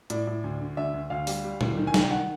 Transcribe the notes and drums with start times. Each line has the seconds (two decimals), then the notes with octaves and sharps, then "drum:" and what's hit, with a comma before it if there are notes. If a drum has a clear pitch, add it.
0.10 A2 D5, drum: hi-hat
0.27 A2
0.44 D2
0.61 D3
0.77 D2 E5
0.94 D2
1.10 D2 F5
1.27 G3, drum: open hi-hat
1.44 G3
1.61 D2, drum: tom
1.77 D#3
1.87 G#5
1.94 C2 G5, drum: snare
2.11 D#3 F#5